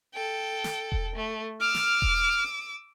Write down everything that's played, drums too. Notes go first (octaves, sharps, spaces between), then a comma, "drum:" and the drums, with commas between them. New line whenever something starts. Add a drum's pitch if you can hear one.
A4 G5
drum: snare
drum: kick E1
A3
D6 E6 F6
drum: snare
drum: kick E1